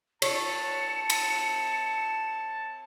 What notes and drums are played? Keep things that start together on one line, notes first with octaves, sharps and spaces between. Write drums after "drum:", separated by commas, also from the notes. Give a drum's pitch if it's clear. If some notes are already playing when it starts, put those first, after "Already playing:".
C#5 A5 C#7, drum: cymbal
drum: cymbal